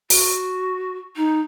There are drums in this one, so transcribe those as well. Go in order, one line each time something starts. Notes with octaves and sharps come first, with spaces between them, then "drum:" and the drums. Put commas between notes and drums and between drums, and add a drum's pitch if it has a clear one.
F#4, drum: open hi-hat
D#4